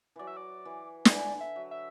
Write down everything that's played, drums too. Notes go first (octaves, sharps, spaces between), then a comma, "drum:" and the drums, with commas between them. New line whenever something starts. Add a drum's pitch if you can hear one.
E3 F#3 D5
E5
D5
E3
E3, drum: snare
D3 D5
E5
F#3
E5